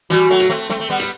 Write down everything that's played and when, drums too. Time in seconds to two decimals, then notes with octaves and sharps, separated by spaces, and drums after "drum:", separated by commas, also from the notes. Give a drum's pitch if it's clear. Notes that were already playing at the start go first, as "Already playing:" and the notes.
0.10 E3 G3 F#4, drum: hi-hat
0.30 F#3 A3
0.40 drum: hi-hat
0.50 A3 C4
0.69 A3 C4, drum: snare
0.80 A3
0.90 G3 B3
1.00 drum: hi-hat